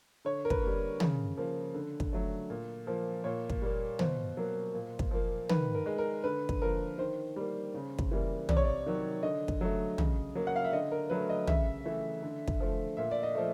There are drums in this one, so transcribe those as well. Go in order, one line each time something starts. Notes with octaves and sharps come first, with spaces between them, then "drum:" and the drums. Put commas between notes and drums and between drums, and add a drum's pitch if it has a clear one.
D3 C#5
A#4
B4, drum: kick
G3 A#3
C#3, drum: tom
F3 A#3
D3
drum: kick
F#3 A3
A#2
F3 A#3
A#2 C#5
drum: kick
G3 A#3
B2 C5, drum: tom
F#3 A#3
A#2
drum: kick
F3 A#3
D#3 B4, drum: tom
A#4
G#3
A#4
D3 B4
drum: kick
F3 A#3 A#4
D#3 C5
G3 A#3
C#3
drum: kick
E3 G3 A#3
C3 D5, drum: tom
C#5
D5
D#3 F#3
D3 D#5
drum: kick
F#3 A3
C#3, drum: tom
F#3 A#3
F#5
F5
E5
D3 D#5
A#4
F#3 A3 B4
D#5
C#3 E5, drum: tom
E3 A3
D3
drum: kick
F3 A3
A#2 E5
D5
D#5
F3 A3